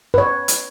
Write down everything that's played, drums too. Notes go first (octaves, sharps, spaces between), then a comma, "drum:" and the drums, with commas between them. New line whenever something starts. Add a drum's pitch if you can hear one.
B4
C#5
drum: hi-hat